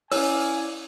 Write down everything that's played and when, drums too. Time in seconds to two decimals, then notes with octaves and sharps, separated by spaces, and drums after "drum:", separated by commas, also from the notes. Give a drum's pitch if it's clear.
0.12 C#4 E4 C#5 D5 F5 G#5 E6, drum: open hi-hat